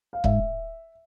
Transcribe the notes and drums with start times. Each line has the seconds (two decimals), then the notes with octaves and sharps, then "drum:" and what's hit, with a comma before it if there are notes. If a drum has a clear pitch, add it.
0.13 F5
0.24 G#2 E5, drum: kick